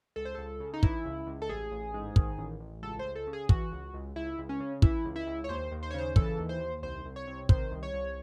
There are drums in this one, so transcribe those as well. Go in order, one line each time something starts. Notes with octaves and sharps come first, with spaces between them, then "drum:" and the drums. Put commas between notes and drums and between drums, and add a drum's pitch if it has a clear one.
C#2 A4
C5
C#2 A4
C#3
D#4
E3 E4, drum: kick
C#2
C#2
A4
A1 G#4
A1
G#2
D#3, drum: kick
A1
A1
C#2 A4
C5
C#2
A4
C#3
G#4
E3 F#4, drum: kick
C#2
C#2
C#2 E4
C#2
C#4
C#3
E3 E4, drum: kick
C#2
E4
C#2
C#5
D#2 C5
D#2
C5
C#5
C#3 C5
E3 A4, drum: kick
D#2
C5
D#2
C2 C5
C2
C#5
C3
D#3 C5, drum: kick
C2
C#5
C2